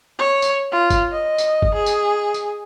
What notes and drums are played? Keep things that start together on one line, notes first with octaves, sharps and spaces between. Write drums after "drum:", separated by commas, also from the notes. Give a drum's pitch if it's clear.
C#5
drum: tambourine
F4
drum: kick, tambourine
D#5
drum: tambourine
drum: kick
G#4
drum: tambourine
drum: tambourine